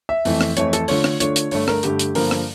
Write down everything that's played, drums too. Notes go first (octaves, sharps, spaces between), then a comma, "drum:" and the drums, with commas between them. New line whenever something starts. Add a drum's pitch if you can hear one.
E5
F2 E3 A3 E4, drum: open hi-hat
drum: rim click
F2 E3 A3 E4 C#5, drum: hi-hat
A4, drum: hi-hat
D3 A3 D4 F4 C#5, drum: open hi-hat
drum: rim click
D3 A3 D4 F4 C#5, drum: hi-hat
drum: hi-hat
G2 D3 A3 C#5, drum: open hi-hat
A#4, drum: rim click
G2 D3 A3 G4, drum: hi-hat
drum: hi-hat
G2 D3 F3 A#3 A#4, drum: open hi-hat
drum: rim click